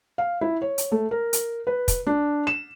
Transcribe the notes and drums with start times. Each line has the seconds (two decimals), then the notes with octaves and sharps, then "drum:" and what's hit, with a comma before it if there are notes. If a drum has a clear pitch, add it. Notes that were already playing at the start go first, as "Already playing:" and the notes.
0.18 F5
0.41 E4
0.62 C#5
0.78 drum: hi-hat
0.92 A3
1.11 A#4
1.33 drum: hi-hat
1.67 B4
1.88 drum: kick, hi-hat
2.07 D4
2.47 E7